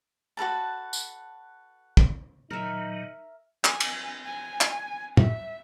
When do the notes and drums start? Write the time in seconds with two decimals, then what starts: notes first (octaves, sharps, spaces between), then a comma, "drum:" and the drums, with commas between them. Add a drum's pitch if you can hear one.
0.37 F#4 A4 B4 A5
0.93 drum: tambourine
1.97 drum: kick
2.51 A#2 D#3 F#3 D#4 A#4 E5
3.64 G#5, drum: clap
3.80 drum: cymbal
4.25 G#5
4.61 drum: clap
5.17 E5, drum: tom